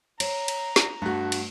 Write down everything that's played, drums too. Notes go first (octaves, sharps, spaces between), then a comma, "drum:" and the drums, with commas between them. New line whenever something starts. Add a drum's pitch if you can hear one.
C#5 A#5, drum: cymbal
drum: cymbal
drum: snare
G2 A3 F#4
drum: cymbal